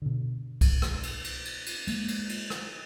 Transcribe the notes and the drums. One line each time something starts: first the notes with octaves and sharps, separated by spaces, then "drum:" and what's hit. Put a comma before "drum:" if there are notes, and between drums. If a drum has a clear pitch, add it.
B2 D3
drum: kick, cymbal
drum: rim click
drum: cymbal
drum: cymbal
drum: cymbal
drum: cymbal
G#3 A#3, drum: cymbal
drum: cymbal
drum: cymbal
drum: rim click